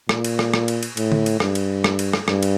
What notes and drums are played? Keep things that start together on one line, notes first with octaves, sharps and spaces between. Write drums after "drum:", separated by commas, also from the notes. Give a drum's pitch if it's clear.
A#2, drum: rim click
drum: cymbal
drum: rim click
drum: rim click
drum: cymbal
drum: cymbal
A2, drum: cymbal
drum: tom D3
drum: cymbal
G2, drum: rim click
drum: cymbal
drum: rim click
drum: cymbal
drum: rim click
G2, drum: rim click
drum: cymbal